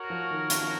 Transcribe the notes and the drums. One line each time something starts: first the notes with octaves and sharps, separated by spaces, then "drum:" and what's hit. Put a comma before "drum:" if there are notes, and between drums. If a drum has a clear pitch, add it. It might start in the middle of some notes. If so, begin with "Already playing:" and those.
Already playing: F#4 A#4 C#5
F3
D#3
F3, drum: hi-hat